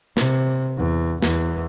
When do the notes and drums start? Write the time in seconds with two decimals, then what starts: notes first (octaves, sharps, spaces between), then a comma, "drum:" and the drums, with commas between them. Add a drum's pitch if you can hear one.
0.17 C3, drum: snare
0.78 E2
1.22 E2, drum: snare